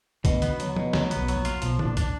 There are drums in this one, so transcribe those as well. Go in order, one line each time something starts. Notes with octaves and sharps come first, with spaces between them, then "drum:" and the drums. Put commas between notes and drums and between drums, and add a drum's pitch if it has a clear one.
D2 B2 D3, drum: kick, hi-hat
D#3 B3, drum: hi-hat
D2 D3
F#3, drum: hi-hat
B2, drum: tom
D2 D3 F#3, drum: snare
B3, drum: hi-hat
B1 B2
F#3, drum: hi-hat
B2
A#1 A#2
F4, drum: hi-hat
B1 B2 F3, drum: hi-hat
D4, drum: tom
A#1 A#2
D4, drum: kick, hi-hat